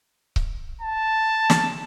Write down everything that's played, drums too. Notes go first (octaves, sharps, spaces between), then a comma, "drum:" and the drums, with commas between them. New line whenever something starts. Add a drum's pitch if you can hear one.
drum: kick C#1
A5
drum: snare